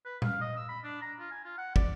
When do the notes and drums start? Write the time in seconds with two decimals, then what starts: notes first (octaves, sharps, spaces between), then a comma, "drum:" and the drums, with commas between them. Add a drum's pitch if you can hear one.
0.05 B4
0.22 F5, drum: tom A#2
0.41 D#5
0.57 E6
0.69 B5
0.84 D4
1.02 A#5
1.19 F4
1.31 G#5
1.45 F4
1.58 F#5
1.76 D5, drum: kick